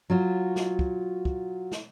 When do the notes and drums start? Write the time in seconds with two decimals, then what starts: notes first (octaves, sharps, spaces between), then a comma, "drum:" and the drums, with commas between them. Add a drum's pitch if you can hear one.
0.10 F#3 F4 F#4
0.56 drum: snare
0.79 drum: kick
1.25 drum: kick
1.72 drum: snare